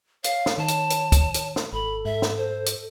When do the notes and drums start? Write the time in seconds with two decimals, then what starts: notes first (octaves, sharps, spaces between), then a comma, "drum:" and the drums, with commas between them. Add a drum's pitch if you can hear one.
0.24 C#5 F5, drum: hi-hat
0.46 drum: snare
0.58 D#3 A5
0.68 drum: hi-hat
0.90 drum: hi-hat
1.12 drum: kick, hi-hat
1.34 drum: hi-hat
1.56 drum: snare
1.73 G#1 A4 B5
2.05 G#2 E5
2.22 drum: snare
2.37 C5
2.66 drum: hi-hat